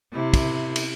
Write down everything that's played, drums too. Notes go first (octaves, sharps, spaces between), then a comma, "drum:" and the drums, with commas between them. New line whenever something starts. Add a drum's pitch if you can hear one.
C3 E4
drum: kick, cymbal
drum: cymbal